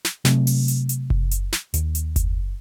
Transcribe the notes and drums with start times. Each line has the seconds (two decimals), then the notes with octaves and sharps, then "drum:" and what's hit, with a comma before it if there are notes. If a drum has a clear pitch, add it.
0.05 drum: snare
0.25 C3 F#3 A3, drum: snare
0.47 drum: open hi-hat
0.68 drum: hi-hat
0.89 drum: hi-hat
1.10 drum: kick F#1
1.31 drum: hi-hat
1.52 drum: snare
1.74 D#2, drum: hi-hat
1.95 drum: hi-hat
2.16 drum: kick F#1, hi-hat